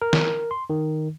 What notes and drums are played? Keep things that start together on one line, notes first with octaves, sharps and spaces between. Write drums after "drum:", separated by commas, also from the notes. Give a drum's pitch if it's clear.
A#4
drum: snare
C6
D#3